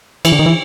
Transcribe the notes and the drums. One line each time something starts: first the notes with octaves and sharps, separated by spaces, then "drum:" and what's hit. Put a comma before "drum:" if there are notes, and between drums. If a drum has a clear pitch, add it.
E3, drum: cymbal
D3
D#3
E3